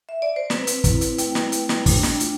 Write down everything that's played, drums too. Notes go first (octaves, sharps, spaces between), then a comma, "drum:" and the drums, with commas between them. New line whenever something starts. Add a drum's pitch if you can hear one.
E5
D5
C5
C4 B4, drum: snare
drum: hi-hat
E4, drum: kick, hi-hat
drum: hi-hat
A3 G5, drum: hi-hat
drum: snare
A3, drum: hi-hat
drum: snare
D4, drum: kick, open hi-hat
drum: snare
F4, drum: hi-hat